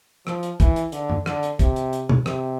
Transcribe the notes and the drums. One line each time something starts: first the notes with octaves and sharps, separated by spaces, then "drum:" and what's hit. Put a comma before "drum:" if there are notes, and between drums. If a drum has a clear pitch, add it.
F3, drum: rim click
drum: hi-hat
E3, drum: kick, hi-hat
drum: hi-hat
D3, drum: hi-hat
drum: tom
D3, drum: rim click
drum: hi-hat
C3, drum: kick, hi-hat
drum: hi-hat
drum: hi-hat
drum: tom
C3, drum: rim click